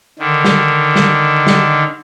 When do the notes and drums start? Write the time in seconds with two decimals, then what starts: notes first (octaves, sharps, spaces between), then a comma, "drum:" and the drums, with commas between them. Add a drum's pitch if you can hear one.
0.19 D3 D#3
0.45 drum: snare
0.96 drum: snare
1.47 drum: snare